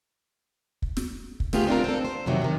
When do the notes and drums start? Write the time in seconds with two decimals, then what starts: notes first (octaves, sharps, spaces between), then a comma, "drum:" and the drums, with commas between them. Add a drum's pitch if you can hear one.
0.82 drum: kick
0.97 drum: snare
1.40 drum: kick
1.53 A3 B3 F4 G4 G#4, drum: snare
1.67 C4 D4 F4 A#4
1.84 C4 A4
2.05 C5
2.26 F2 C3 D#3 F#3
2.42 C3 D#3